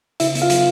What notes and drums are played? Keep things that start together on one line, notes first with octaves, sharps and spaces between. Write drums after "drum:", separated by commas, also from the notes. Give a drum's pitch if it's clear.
C#3 E4 E5, drum: hi-hat
B3, drum: hi-hat
F4 F5
F#3, drum: hi-hat